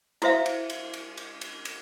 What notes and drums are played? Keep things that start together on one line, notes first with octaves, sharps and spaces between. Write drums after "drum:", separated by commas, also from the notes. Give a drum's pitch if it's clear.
E4 F#4 C5 E5 F5, drum: cymbal
drum: cymbal
drum: cymbal
drum: cymbal
drum: cymbal
drum: cymbal
drum: cymbal